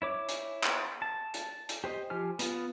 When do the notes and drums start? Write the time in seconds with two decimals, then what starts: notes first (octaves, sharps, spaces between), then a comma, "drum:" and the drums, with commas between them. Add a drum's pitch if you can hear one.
0.02 E4 C#5 D6
0.28 drum: hi-hat
0.63 drum: clap
1.02 A5
1.34 drum: hi-hat
1.69 drum: hi-hat
1.84 G4 C5 D#5
2.10 F3 G4 G#5 F6
2.39 B3 F4, drum: hi-hat